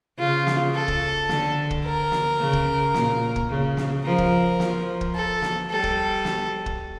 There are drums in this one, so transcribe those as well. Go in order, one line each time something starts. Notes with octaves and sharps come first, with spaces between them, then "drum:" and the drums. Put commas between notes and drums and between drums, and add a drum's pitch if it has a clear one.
C#3 F4
drum: snare
A4
drum: kick
D3, drum: snare
drum: kick
A#4
drum: snare
C#3
drum: kick
A#2, drum: snare
drum: kick
C#3
drum: snare
F3 A#4
drum: kick
F3, drum: snare
drum: kick
A4
drum: snare
G3 A4
drum: kick
drum: snare
drum: kick